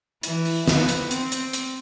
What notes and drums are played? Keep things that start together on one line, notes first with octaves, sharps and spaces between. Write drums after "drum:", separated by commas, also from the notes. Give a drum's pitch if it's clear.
E3, drum: hi-hat
drum: open hi-hat
B3, drum: snare
drum: hi-hat
C4, drum: hi-hat
drum: hi-hat
drum: hi-hat